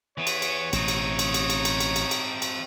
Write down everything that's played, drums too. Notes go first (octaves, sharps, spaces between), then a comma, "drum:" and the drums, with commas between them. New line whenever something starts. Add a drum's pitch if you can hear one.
E3 B3 C#5
drum: cymbal
drum: cymbal
A1 B2 C4 D#4, drum: cymbal
drum: cymbal
drum: cymbal
drum: cymbal
drum: cymbal
drum: cymbal
drum: cymbal
drum: cymbal
drum: cymbal
drum: cymbal